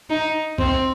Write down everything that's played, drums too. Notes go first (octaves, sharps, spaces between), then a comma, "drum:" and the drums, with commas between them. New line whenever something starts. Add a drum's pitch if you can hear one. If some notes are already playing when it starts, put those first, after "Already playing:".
D#4
C4, drum: kick B1